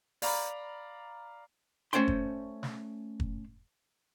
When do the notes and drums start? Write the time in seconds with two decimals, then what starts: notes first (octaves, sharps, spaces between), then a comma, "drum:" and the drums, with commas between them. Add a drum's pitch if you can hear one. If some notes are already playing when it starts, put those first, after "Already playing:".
0.22 D5 F5 A#5 B5, drum: open hi-hat
1.93 A3 C#4 C5 D5 G5 C6, drum: hi-hat
2.08 drum: kick
2.63 drum: snare
3.20 drum: kick